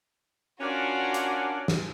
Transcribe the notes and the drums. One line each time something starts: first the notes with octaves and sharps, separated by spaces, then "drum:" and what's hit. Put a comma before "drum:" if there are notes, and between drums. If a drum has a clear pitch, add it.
C#4 D4 F4 F#4 A#4 D5 F#5 G#5
drum: hi-hat
drum: snare